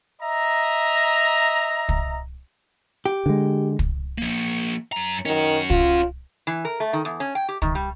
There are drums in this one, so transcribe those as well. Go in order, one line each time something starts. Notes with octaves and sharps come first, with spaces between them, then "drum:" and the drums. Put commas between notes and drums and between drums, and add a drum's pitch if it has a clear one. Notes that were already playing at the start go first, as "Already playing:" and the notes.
D#5 E5 A#5
drum: kick
G4
D3 G#3
drum: kick
F3 A#3
F#2 A#5
D#3 C#4 F#4
F4, drum: kick
E3
A#4
A3
D#3
E2
C#4
G5
G4
D#3, drum: kick
G3